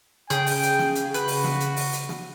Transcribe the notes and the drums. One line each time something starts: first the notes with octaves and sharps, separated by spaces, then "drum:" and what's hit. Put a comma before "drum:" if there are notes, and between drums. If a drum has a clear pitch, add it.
C#3 G#4 G5, drum: hi-hat
drum: open hi-hat
drum: hi-hat
drum: snare
drum: hi-hat
F#4 B4, drum: hi-hat
drum: open hi-hat
drum: snare
drum: hi-hat
drum: open hi-hat
drum: hi-hat
drum: snare